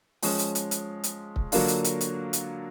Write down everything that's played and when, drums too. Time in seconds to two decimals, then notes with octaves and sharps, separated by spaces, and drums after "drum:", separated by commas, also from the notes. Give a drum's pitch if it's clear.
0.22 F3 G#3 C#4, drum: open hi-hat
0.39 drum: hi-hat
0.55 drum: hi-hat
0.71 drum: hi-hat
1.04 drum: hi-hat
1.36 drum: kick C#1
1.52 D3 F#3 A#3 D4 F4, drum: open hi-hat
1.68 drum: hi-hat
1.84 drum: hi-hat
2.01 drum: hi-hat
2.33 drum: hi-hat